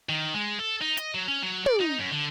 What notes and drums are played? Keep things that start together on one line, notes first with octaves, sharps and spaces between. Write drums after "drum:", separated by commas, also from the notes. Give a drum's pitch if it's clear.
D#3
G#3
A4
D#4
D#5, drum: hi-hat
F#3
C#4
F#3
D5, drum: tom
D#4
F#2
D3